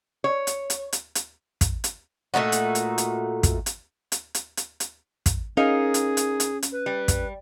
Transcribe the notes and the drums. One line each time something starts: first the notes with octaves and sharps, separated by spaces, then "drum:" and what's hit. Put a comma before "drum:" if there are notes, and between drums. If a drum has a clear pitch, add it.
C#5
drum: hi-hat
drum: hi-hat
drum: hi-hat
drum: hi-hat
drum: kick, hi-hat
drum: hi-hat
A#2 A3 D#4 F#4
drum: hi-hat
drum: hi-hat
drum: hi-hat
drum: kick, hi-hat
drum: hi-hat
drum: hi-hat
drum: hi-hat
drum: hi-hat
drum: hi-hat
drum: kick, hi-hat
C#4 D#4 G#4 A#4 F5
drum: hi-hat
drum: hi-hat
drum: hi-hat
drum: hi-hat
B4
G3
drum: kick, hi-hat